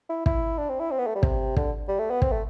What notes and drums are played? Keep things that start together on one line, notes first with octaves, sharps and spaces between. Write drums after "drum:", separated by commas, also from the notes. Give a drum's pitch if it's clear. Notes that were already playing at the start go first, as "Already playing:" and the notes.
E4
E4, drum: kick
D4
C4
E4
C4
B3
A3
G3
C3, drum: kick
D3, drum: kick
G3
A3
B3
C4, drum: kick
A3